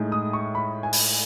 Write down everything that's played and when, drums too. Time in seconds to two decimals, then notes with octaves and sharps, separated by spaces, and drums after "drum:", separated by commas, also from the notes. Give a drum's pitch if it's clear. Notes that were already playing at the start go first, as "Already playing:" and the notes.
Already playing: A2 G#3 D#4
0.12 D#6
0.33 C#6
0.55 B5
0.83 G#5
0.93 drum: open hi-hat